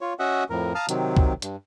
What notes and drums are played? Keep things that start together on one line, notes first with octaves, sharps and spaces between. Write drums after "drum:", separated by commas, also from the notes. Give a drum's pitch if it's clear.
F4 C#5
C#4 F#4 D#5 E5 F#5
F2 A2 A#4
F5 A5 A#5 D#6 F6
C3 D#3 F#3, drum: hi-hat
drum: kick
G2, drum: hi-hat